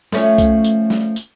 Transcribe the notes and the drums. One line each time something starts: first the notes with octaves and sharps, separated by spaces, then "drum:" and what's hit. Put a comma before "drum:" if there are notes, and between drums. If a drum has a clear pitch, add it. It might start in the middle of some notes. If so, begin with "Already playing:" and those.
F3 A3 C#4, drum: snare
drum: kick C2, tambourine
drum: tambourine
drum: snare
drum: tambourine